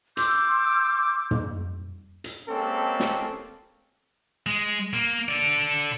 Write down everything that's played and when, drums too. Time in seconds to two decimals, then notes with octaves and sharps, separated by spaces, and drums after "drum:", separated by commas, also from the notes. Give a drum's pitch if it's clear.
0.17 C6 D6 E6 G6, drum: hi-hat
1.31 drum: tom
2.24 drum: hi-hat
2.49 G#3 A#3 C4 C#4 G4 A4
3.00 drum: snare
4.46 G#3
4.93 A#3
5.29 A4 D5